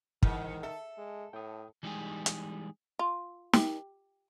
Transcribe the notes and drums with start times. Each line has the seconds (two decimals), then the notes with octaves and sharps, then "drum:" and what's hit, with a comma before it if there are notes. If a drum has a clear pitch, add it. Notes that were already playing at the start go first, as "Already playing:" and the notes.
0.23 G#2 D#3 E3 D#6 F6, drum: kick
0.63 A4 E5
0.98 G#3
1.33 A2 G5 D#6
1.83 E3 G3 G#3 D#4 G4 G#4
2.26 drum: hi-hat
2.99 F4
3.53 G4, drum: snare